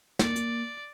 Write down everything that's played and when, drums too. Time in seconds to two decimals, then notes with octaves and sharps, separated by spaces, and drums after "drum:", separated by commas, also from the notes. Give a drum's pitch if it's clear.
0.19 A#3 D5, drum: snare
0.36 drum: hi-hat